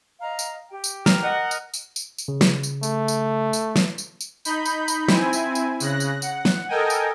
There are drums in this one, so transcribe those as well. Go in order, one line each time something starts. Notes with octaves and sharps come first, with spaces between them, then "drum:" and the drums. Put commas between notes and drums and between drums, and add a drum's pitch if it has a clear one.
D#5 F5 A#5
drum: tambourine
G4 G5
drum: tambourine
A#4, drum: snare
D#5 F#5
drum: tambourine
drum: tambourine
drum: tambourine
drum: tambourine
C#3
drum: snare
drum: tambourine
A3, drum: tambourine
drum: tambourine
drum: tambourine
drum: snare
drum: tambourine
drum: tambourine
D#4 B5 G6, drum: tambourine
drum: tambourine
drum: tambourine
C4 E4 G#5, drum: snare
drum: tambourine
drum: tambourine
C#3 F#6 A#6, drum: tambourine
drum: tambourine
F#5, drum: tambourine
drum: snare
A4 A#4 D#5 G5 G#5
drum: tambourine